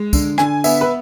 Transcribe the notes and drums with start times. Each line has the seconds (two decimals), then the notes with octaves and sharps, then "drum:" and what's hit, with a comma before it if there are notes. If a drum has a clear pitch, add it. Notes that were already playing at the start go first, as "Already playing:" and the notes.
Already playing: G#3
0.13 D3, drum: kick, tambourine
0.38 D3 G#5, drum: rim click
0.64 B3 E5, drum: tambourine
0.81 B4